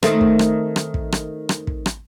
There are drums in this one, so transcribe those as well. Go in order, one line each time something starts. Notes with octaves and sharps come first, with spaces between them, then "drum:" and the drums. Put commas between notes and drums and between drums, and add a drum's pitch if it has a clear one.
D#3 A3 C4, drum: rim click
drum: kick
drum: rim click
drum: rim click
drum: kick
drum: rim click
drum: rim click
drum: kick
drum: rim click